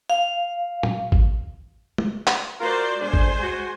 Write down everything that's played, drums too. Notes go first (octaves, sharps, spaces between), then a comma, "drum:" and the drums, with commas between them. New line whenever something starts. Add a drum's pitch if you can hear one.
F5
drum: tom
drum: kick G#1
drum: tom
drum: clap
F4 F#4 A#4 C5 D5
B2 G#3 A3 D4 C5 G#5
drum: kick G#1
F#4